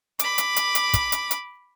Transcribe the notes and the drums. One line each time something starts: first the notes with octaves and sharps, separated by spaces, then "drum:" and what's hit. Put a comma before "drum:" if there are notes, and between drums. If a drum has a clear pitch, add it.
B5 D6, drum: hi-hat
drum: hi-hat
drum: hi-hat
drum: hi-hat
drum: kick, hi-hat
drum: hi-hat
drum: hi-hat